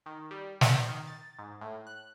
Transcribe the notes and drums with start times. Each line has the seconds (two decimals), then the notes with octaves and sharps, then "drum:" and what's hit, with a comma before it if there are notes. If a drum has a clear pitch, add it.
0.06 D#3
0.31 G3
0.61 drum: snare
0.70 G6
0.89 D#3
1.07 A6
1.39 G#2
1.61 A2
1.87 F#6